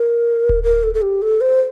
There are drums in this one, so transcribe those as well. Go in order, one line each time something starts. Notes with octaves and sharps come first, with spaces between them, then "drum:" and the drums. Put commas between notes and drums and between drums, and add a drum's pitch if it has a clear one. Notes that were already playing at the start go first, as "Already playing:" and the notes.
Already playing: A#4
drum: kick D1
A#4
A4
A4
G4
A4
C5